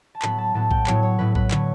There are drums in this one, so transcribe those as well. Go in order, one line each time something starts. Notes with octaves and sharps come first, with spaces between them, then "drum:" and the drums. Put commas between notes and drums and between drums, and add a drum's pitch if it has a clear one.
A5
A2 F#3 B3 B5, drum: clap
A5
A2 F#3 B3 A5
G5, drum: kick A#1
A2 F#3 B3 C#5, drum: clap
C#5
A2 F#3 B3 B4
B4, drum: kick A#1
D3 A3 C#5, drum: clap